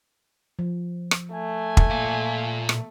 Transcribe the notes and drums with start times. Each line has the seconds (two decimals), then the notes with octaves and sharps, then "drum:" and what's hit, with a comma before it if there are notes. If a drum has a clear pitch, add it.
0.59 F3
1.11 drum: rim click
1.34 A3 G#5
1.77 drum: kick
1.91 A#2 F5
2.69 drum: rim click